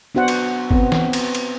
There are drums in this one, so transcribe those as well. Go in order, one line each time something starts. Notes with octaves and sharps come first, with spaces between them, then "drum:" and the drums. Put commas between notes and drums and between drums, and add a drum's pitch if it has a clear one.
B3 D4 F#4 C5 F#5
drum: cymbal
B3 C4, drum: kick
drum: snare
drum: cymbal
drum: cymbal